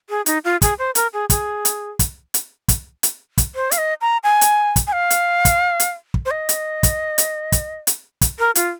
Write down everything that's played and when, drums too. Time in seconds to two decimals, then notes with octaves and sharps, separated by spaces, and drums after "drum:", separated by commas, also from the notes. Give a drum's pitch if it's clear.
0.09 G#4
0.26 D#4, drum: hi-hat
0.44 F4
0.62 G#4, drum: kick, hi-hat
0.79 C5
0.95 A#4, drum: hi-hat
1.13 G#4
1.30 G#4, drum: kick, hi-hat
1.65 drum: hi-hat
1.99 drum: kick, hi-hat
2.34 drum: hi-hat
2.69 drum: kick, hi-hat
3.03 drum: hi-hat
3.38 drum: kick, hi-hat
3.55 C5
3.71 F5, drum: hi-hat
3.78 D#5
4.01 A#5
4.23 G#5
4.41 drum: hi-hat
4.76 drum: kick, hi-hat
4.87 G#5
4.93 F5
5.10 drum: hi-hat
5.45 drum: kick, hi-hat
5.80 drum: hi-hat
6.14 drum: kick
6.26 C5
6.31 D#5
6.49 drum: hi-hat
6.83 drum: kick, hi-hat
7.18 drum: hi-hat
7.52 drum: kick, hi-hat
7.87 drum: hi-hat
8.22 drum: kick, hi-hat
8.39 A#4
8.55 F4, drum: hi-hat